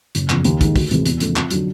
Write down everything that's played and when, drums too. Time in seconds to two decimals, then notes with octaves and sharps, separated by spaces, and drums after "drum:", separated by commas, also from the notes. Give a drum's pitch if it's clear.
0.15 F#1, drum: hi-hat
0.29 E2 C#3 F3, drum: clap
0.44 D#2, drum: hi-hat
0.61 D#3 G#3, drum: kick, hi-hat
0.76 D2, drum: kick, open hi-hat
0.91 C3 E3 G#3, drum: hi-hat
1.06 E2, drum: hi-hat
1.20 C#3 F3 A3, drum: hi-hat
1.36 F2, drum: clap
1.51 D3 F#3, drum: hi-hat